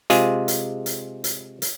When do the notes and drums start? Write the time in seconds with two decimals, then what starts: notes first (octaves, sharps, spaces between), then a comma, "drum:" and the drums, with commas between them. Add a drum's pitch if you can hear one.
0.10 C3 G#3 F4 G#4, drum: hi-hat
0.48 drum: hi-hat
0.86 drum: hi-hat
1.24 drum: hi-hat
1.62 drum: hi-hat